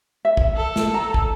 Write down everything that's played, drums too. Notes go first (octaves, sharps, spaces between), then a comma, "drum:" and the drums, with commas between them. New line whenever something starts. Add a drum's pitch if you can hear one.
E5
drum: kick
A4
drum: snare
A#5
drum: kick